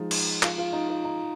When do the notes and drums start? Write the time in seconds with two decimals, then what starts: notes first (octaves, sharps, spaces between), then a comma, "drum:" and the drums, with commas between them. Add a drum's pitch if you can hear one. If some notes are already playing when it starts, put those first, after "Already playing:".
Already playing: F3 G#3 D#4
0.11 drum: cymbal
0.43 F4, drum: clap
0.58 F4
0.73 D#4
0.89 F4
1.04 D#4